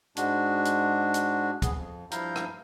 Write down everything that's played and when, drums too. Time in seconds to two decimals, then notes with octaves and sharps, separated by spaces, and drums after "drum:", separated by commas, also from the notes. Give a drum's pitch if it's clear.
0.17 G#2 G#3 D4 F#4, drum: hi-hat
0.65 drum: hi-hat
1.14 drum: hi-hat
1.62 F2 B3 G#4, drum: kick, hi-hat
1.75 F2
2.11 G2 F3 E4 F5 A#5 G6, drum: hi-hat
2.36 drum: rim click